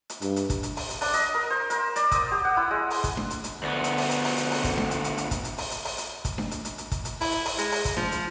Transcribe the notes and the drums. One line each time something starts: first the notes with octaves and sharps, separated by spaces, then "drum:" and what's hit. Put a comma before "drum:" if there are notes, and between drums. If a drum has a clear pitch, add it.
drum: hi-hat
G2, drum: hi-hat
drum: hi-hat
drum: kick, hi-hat
drum: hi-hat
drum: open hi-hat
drum: hi-hat
D4, drum: open hi-hat
D#5, drum: hi-hat
A#4
C5
A#4, drum: hi-hat
D5, drum: hi-hat
D#6, drum: kick, hi-hat
G4
F#5
E4
G#3
drum: open hi-hat
drum: kick, hi-hat
drum: snare D4
drum: hi-hat
drum: hi-hat
D2 B3
drum: hi-hat
drum: open hi-hat
drum: hi-hat
drum: open hi-hat
drum: hi-hat
drum: open hi-hat
drum: kick, hi-hat
drum: snare D4
drum: hi-hat
drum: hi-hat
drum: hi-hat
drum: kick, hi-hat
drum: hi-hat
drum: open hi-hat
drum: hi-hat
drum: open hi-hat
drum: hi-hat
drum: kick, hi-hat
drum: snare D4
drum: hi-hat
drum: hi-hat
drum: hi-hat
drum: kick, hi-hat
drum: hi-hat
E4, drum: open hi-hat
drum: hi-hat
drum: open hi-hat
G#3, drum: hi-hat
drum: open hi-hat
drum: kick, hi-hat
F3, drum: snare D4
drum: hi-hat